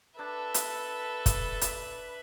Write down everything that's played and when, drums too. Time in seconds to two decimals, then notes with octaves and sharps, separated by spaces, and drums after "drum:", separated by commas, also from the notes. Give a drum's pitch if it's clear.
0.19 D4 A4 B4 E5 A5
0.54 drum: hi-hat
1.26 drum: kick, hi-hat
1.61 drum: hi-hat